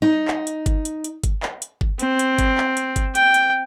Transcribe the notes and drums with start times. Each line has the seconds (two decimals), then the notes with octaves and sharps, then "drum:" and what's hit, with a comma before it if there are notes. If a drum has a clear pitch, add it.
0.02 D#4
0.28 drum: clap
0.47 drum: hi-hat
0.66 drum: kick G1, hi-hat
0.85 drum: hi-hat
1.04 drum: hi-hat
1.24 drum: kick G1, hi-hat
1.43 drum: clap
1.62 drum: hi-hat
1.81 drum: kick G1
1.99 C4, drum: hi-hat
2.19 drum: hi-hat
2.38 drum: kick G1, hi-hat
2.58 drum: clap
2.77 drum: hi-hat
2.96 drum: kick G1, hi-hat
3.15 G5, drum: hi-hat
3.34 drum: hi-hat